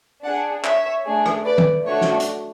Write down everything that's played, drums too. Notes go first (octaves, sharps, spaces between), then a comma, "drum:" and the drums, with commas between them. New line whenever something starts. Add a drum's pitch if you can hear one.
D4 G#4 D5 F#5
C#5 E5, drum: clap
A3 D4 G#4
drum: rim click
B4 D5
drum: tom D#3
A3 D4 F#4 C#5
drum: snare
drum: hi-hat